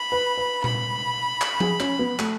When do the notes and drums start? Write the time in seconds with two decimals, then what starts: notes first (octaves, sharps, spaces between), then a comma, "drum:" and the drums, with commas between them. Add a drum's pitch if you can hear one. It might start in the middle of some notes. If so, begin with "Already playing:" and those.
Already playing: B5
0.12 B4
0.38 B4
0.64 B5, drum: tom A#2
1.41 drum: clap
1.60 G#4, drum: tom F3
1.80 C#4, drum: clap
1.99 B3
2.19 A3, drum: clap